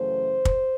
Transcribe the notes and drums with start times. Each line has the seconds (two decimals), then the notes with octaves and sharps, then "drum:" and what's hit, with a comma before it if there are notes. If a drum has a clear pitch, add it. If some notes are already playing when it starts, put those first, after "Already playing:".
Already playing: F#2 C#3 E3 A3 C5
0.45 drum: kick